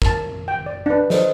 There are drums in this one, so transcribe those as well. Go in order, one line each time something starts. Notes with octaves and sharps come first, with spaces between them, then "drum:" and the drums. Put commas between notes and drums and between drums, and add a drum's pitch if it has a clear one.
A#4 A5, drum: kick
G5
D5
D4 B4
A4 C5 D#5, drum: snare